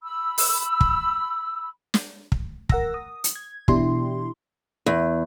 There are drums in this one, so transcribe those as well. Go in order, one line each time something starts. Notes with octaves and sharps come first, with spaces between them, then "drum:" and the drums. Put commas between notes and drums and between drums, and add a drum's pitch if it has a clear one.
B5 E6
drum: open hi-hat
drum: kick
drum: snare
drum: kick
A#4 F#5 E6 A#6, drum: kick
D#6
drum: hi-hat
G#6
B2 E3 D4 E4 G4 C6, drum: kick
E2